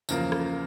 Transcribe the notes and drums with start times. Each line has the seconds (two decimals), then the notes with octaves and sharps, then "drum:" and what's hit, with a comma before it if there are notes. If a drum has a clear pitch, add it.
0.09 E2 C#3 F3 A#3, drum: tambourine
0.32 drum: rim click